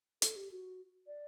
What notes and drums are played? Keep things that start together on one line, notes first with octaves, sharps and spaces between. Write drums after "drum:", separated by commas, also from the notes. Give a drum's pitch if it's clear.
A4, drum: hi-hat
G4
F#4
D5